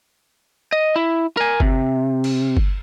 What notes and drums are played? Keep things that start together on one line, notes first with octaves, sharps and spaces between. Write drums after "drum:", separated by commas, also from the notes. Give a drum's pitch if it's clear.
D#5
E4
A#4 G#5
C3, drum: kick G1
drum: cymbal
drum: kick G1